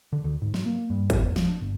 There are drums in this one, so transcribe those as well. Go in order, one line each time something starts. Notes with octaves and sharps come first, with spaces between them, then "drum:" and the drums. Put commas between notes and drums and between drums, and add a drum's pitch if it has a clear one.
D3
D2
G#2
F#3, drum: snare
A#3
G2
A2, drum: kick, hi-hat
E2
F3, drum: snare
D4
G1